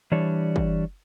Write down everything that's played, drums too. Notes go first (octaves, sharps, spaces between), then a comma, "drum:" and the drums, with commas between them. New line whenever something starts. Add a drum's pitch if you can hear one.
E3 G3 D4 C#5
drum: kick